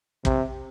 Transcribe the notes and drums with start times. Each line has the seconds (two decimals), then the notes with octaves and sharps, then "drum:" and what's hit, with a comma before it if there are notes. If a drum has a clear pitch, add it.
0.25 C3, drum: kick